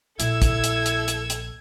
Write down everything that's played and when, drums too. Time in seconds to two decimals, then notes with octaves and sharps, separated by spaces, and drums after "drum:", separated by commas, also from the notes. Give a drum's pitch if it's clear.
0.20 A#1 A#2 E4 A4 E6 G#6, drum: hi-hat
0.42 drum: kick, hi-hat
0.64 drum: hi-hat
0.86 drum: hi-hat
1.08 drum: hi-hat
1.30 drum: hi-hat